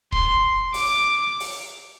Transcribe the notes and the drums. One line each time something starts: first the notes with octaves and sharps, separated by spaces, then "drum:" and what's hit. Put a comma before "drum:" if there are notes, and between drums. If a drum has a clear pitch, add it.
C6, drum: kick D#1
D6, drum: open hi-hat
drum: open hi-hat